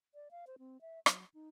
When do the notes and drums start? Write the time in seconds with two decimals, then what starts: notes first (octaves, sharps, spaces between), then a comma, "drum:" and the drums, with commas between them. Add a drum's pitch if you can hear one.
0.14 D5
0.31 F5
0.47 C5
0.59 C4
0.81 E5
1.06 F#3, drum: rim click
1.34 D#4